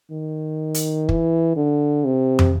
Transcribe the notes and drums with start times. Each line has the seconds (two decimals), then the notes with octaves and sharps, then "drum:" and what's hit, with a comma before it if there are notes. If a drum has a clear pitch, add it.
0.11 D#3
0.74 drum: hi-hat
1.09 E3, drum: kick
1.56 D3
2.05 C3
2.39 drum: tom